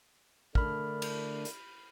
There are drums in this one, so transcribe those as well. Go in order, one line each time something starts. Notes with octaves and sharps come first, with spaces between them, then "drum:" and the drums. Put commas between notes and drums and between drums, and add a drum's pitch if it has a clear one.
D3 A3 D4 A#4 B5 F6, drum: kick
drum: cymbal
drum: hi-hat